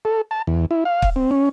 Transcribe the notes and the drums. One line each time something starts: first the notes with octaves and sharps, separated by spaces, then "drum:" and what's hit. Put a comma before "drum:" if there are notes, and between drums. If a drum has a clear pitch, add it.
A4
A5
E2
E4
F5
drum: kick
C4
C#4